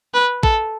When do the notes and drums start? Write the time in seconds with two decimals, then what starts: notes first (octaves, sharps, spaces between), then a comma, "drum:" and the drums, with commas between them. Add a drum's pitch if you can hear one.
0.14 B4
0.43 A4, drum: kick